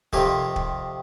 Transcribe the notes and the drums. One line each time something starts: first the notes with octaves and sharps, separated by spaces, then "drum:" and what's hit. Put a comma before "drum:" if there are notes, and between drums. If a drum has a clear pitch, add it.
F2 C3 D#3 G4, drum: kick
drum: kick